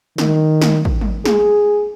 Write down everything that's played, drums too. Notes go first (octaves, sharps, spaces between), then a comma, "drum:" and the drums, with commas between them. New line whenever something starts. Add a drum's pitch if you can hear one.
D#3, drum: snare
drum: snare
drum: kick
drum: tom
G#4, drum: snare